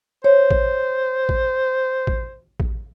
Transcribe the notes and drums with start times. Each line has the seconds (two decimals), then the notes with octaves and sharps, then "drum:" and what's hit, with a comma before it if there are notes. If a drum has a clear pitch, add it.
0.24 C5 C#5
0.51 drum: kick A1
1.29 drum: kick A1
2.07 drum: kick A1
2.60 drum: kick A1